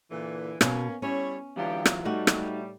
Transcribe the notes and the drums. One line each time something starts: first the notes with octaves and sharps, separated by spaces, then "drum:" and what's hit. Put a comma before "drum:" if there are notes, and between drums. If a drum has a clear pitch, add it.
A#2 D3 E3
B2 A#3 C#4, drum: rim click
G3 C#4 E4 C#5
D3 E3 F#3 D4 F4 G4
drum: rim click
A2 G3 A3 D#4 F#4
drum: rim click